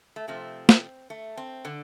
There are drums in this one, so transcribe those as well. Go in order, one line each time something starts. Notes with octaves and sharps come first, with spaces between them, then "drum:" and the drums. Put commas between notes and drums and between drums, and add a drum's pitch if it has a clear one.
A3
C3 F3 A3 C4
drum: snare
A3
C4
D3 D4